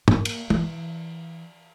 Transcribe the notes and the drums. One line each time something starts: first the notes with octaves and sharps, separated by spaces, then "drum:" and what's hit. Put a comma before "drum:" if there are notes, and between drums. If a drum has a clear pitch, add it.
A#3, drum: tom
drum: cymbal
E3, drum: tom